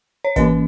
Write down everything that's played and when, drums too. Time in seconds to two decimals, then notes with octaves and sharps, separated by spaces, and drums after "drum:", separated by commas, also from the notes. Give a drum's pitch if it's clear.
0.25 C#5
0.36 E3 A#3 C#4 B4 D#5, drum: kick G#1, hi-hat